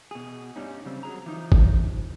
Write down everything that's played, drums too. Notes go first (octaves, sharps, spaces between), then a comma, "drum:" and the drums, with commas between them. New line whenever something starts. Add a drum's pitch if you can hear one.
B2 G#4
G2 G3 C#4 D#4
C#3 G3 C4
F#3 G#4 A#5
E3 F3 D#4
drum: kick G1